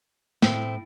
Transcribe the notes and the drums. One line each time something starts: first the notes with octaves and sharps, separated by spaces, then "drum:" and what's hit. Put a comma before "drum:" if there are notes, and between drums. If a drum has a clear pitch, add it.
A2 C4, drum: snare